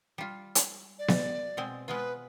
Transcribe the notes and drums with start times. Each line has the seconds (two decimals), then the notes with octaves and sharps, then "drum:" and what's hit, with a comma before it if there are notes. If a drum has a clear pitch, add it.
0.18 G3 F4
0.55 drum: hi-hat
0.99 D5
1.08 drum: snare B3
1.57 B2 G#3 C4
1.88 G#3 B3 F4 B4